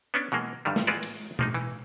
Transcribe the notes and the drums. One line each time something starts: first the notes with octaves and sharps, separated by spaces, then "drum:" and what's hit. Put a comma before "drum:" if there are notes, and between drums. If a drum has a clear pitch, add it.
B3 C#4 D4
B2 E3 G#3 A#3
G2 D3 D#3 G3
drum: snare
E3 G#3 F4 F#4 B4 D5
drum: cymbal
F3 A#3 D#4, drum: tom B2
E3